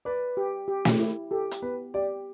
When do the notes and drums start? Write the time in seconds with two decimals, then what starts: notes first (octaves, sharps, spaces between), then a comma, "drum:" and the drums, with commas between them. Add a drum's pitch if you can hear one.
0.05 B4 D5
0.37 G4
0.68 G4
0.85 drum: snare
0.99 E4
1.31 G4 A4
1.51 drum: hi-hat
1.62 B3 B4
1.94 G4 D5